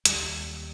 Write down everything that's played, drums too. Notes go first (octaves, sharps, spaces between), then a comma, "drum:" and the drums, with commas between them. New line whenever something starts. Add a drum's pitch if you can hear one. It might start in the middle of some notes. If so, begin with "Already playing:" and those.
D#2 G3, drum: hi-hat